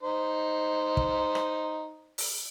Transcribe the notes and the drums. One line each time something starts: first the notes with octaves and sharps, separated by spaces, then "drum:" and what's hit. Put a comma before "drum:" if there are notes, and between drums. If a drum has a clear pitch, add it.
D#4 C5
drum: kick
drum: rim click
drum: open hi-hat